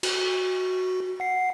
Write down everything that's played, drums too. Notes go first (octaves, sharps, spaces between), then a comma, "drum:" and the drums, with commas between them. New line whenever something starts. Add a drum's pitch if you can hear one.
F#4, drum: cymbal
F#5 C7